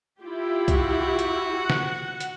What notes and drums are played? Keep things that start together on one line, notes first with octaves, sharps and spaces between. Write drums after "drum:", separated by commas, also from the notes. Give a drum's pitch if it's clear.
E4 F4 G4
F#4, drum: kick B1, hi-hat
drum: hi-hat
F#5
drum: snare
drum: hi-hat